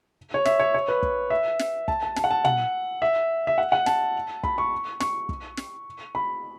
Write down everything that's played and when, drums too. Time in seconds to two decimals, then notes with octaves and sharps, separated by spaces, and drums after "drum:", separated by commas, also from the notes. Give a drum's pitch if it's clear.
0.34 C#5
0.45 E5, drum: snare
0.60 C#5
0.74 C#5
0.88 B4
1.03 drum: kick
1.30 E5
1.59 drum: snare
1.88 A5, drum: kick
2.03 A5
2.16 A5, drum: snare
2.24 F#5
2.31 A5
2.45 F#5, drum: tom
3.02 E5
3.47 E5
3.58 F#5
3.72 F#5
3.86 A5, drum: snare
4.44 B5, drum: kick
4.58 C#6
5.00 C#6, drum: snare
5.29 drum: kick
5.57 drum: snare
6.15 B5